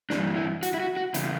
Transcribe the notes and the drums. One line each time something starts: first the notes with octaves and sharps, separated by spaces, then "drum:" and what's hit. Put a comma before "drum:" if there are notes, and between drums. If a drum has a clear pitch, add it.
G2 E3 D4, drum: snare
E4
F#4, drum: hi-hat
E4
F#4
F#4
E2 C#3 E4, drum: hi-hat